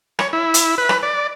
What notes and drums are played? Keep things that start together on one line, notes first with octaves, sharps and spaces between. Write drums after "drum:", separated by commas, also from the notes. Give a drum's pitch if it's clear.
C#5, drum: rim click
E4
drum: hi-hat
B4
drum: rim click
D5